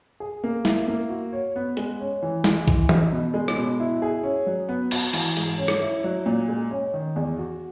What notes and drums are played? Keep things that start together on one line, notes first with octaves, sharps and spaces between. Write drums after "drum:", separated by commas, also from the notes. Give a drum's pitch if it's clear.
G#4
A#3
E4, drum: snare
A#3
F#4
C#5
B3
G#3, drum: hi-hat
C#4
E3
G#3, drum: snare
E3, drum: kick B1
D#4, drum: tom
B2
G#3
drum: rim click
B2
E4
G#4
C#4
F#3
B3
F#4, drum: cymbal
E3, drum: cymbal
G#2, drum: hi-hat
C#4
drum: rim click
E4
F#3
A#2
G#3
C#4
D#3
E2
F#4